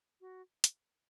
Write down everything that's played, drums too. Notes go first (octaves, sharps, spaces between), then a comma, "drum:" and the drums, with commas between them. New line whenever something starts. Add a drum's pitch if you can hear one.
F#4
drum: hi-hat